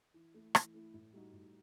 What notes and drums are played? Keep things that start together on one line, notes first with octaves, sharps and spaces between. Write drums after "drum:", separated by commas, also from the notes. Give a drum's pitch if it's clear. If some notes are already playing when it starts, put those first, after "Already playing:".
E3
A3 E4
E3, drum: rim click
A3 E4
A2
G3 D#4 F#4
A2